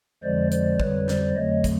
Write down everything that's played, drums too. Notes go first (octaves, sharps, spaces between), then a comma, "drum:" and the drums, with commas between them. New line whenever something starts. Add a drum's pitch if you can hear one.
F2 D3 F3 G#3 C5 D5
C5 D5, drum: hi-hat
F2 D3 G3 B4 C#5, drum: kick
C5 D5, drum: snare
F2 D3 F#3 A3 C#5 D#5
drum: kick, hi-hat